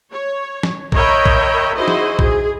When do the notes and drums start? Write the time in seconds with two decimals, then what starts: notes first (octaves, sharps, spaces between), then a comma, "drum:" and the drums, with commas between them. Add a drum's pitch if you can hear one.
0.12 C#5
0.63 drum: snare
0.92 A#4 C#5 D#5 E5 G5 B5, drum: kick A#1
1.26 drum: kick A#1
1.75 D#4 E4 F#4 G#4 C5 D#5
1.88 drum: snare
2.19 G#4, drum: kick A#1